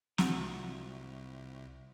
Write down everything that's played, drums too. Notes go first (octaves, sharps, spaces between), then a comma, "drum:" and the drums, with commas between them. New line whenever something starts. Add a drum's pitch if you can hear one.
C2 F4 F#4, drum: snare